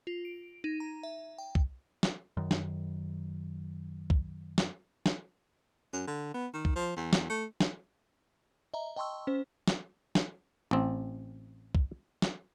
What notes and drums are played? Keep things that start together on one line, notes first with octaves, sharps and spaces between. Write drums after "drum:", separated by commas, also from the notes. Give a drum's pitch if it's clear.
F4
D7
D#4
A#5
E5
G5
drum: kick
drum: snare
F#2 D#3
drum: snare
drum: kick
drum: snare
drum: snare
F#2
D3
B3
D#3
drum: kick
F3
E2
drum: snare
A3
drum: snare
D#5 E5 A#5
D#5 G5 A5 C6 C#6 E6
C#4 C5
drum: snare
drum: snare
A1 C4
drum: kick
drum: snare